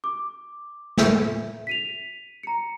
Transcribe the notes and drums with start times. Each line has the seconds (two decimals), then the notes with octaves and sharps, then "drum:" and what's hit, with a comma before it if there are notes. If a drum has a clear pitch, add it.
0.04 D6
0.97 E5, drum: snare
1.67 B6 D#7 F7
2.43 A#5 C#7